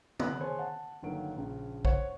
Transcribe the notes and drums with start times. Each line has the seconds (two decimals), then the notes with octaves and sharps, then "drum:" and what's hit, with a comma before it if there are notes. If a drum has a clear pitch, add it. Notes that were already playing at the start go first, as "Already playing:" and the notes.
0.20 C3 F#3 B5 F#6, drum: tom
0.41 G#4 C5 C#5 G#5 A5 C6
0.59 F#5 A5
1.03 G1 D3 D#3 F#3 A#3 D7
1.36 A#1 C#3
1.85 C5 C#5 F#5, drum: kick